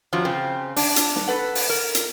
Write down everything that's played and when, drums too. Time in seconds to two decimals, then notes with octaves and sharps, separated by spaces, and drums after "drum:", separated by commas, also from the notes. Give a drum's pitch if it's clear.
0.13 F#2 F3 F#3
0.25 C#3 C4
0.76 D4, drum: open hi-hat
0.96 drum: hi-hat
1.16 drum: snare
1.27 A4 B4 F#5
1.55 drum: open hi-hat
1.69 A#4
1.95 drum: hi-hat